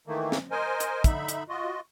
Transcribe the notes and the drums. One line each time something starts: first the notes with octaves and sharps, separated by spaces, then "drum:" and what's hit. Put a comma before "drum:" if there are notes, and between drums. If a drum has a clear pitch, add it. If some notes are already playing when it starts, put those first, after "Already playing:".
D#3 E3 A3 A#3
drum: snare
A#4 C5 D#5 G#5
drum: hi-hat
D3 D#4 E5 B5, drum: kick, hi-hat
drum: hi-hat
F4 F#4 D#5